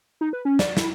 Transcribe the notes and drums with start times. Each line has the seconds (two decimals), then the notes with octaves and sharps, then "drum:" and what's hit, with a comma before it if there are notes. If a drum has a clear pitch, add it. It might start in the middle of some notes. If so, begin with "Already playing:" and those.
0.21 D#4
0.33 B4
0.45 C#4
0.59 D5, drum: snare
0.77 E4, drum: snare